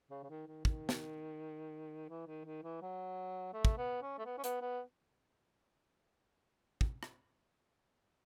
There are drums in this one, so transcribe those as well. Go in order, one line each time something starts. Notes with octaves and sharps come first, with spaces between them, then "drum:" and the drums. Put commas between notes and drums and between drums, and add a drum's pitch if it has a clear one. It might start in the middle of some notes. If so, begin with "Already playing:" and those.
C#3
C#3
D#3
D#3
D#3, drum: kick
drum: snare
E3
D#3
D#3
E3
F#3
A3
drum: kick
B3
C#4
A3
B3
C#4
B3, drum: hi-hat
B3
drum: kick
drum: rim click